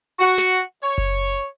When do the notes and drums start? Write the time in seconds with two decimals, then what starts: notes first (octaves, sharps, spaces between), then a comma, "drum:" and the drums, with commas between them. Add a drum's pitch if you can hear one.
0.19 F#4
0.38 drum: snare
0.83 C#5
0.98 drum: kick F#1